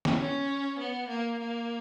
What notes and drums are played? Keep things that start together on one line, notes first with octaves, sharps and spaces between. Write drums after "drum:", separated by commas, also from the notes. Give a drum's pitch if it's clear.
drum: snare
C#4
B3
A#3
A#3